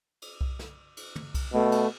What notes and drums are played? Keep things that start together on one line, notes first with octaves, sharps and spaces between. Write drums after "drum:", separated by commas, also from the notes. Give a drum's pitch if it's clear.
drum: cymbal
drum: kick C2
drum: snare
drum: cymbal
drum: tom
drum: kick C2, cymbal
B2 A3
drum: cymbal